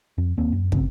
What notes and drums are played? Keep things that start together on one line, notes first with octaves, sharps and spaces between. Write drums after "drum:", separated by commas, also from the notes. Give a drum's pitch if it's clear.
F2
D#2 A#3 C4
F#2
G2 C#3 C4, drum: kick